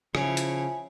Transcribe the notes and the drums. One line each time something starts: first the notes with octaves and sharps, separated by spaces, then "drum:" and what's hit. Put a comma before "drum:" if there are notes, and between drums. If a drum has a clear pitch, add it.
C#3 F3 E4 C#5 G#5, drum: rim click
drum: hi-hat